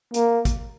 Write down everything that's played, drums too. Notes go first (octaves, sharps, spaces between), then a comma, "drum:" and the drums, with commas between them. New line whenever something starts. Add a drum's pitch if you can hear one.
A#3, drum: hi-hat
drum: kick, hi-hat